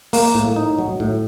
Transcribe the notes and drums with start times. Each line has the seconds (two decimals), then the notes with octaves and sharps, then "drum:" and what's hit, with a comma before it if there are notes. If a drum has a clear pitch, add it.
0.13 A#3, drum: open hi-hat
0.35 A2
0.56 D#4
0.79 F#3
1.00 A2